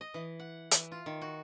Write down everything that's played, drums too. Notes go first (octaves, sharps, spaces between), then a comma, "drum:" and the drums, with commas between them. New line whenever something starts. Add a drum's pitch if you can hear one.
D#5
E3
F#5
E3, drum: hi-hat
F4
D#3
F#4